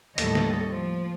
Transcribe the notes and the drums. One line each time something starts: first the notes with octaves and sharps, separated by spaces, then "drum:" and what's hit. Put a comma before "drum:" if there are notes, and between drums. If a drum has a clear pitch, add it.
D#2 A2 G3 A4 C#5 D#5, drum: hi-hat
drum: snare
F3